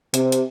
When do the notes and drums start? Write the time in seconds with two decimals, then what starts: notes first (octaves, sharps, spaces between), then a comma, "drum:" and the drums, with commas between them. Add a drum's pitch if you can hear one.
0.14 C3, drum: hi-hat
0.32 drum: hi-hat